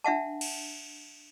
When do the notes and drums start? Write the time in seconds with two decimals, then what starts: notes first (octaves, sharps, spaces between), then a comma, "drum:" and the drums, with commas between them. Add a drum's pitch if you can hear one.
0.04 D4 E5 F#5 A5
0.41 drum: cymbal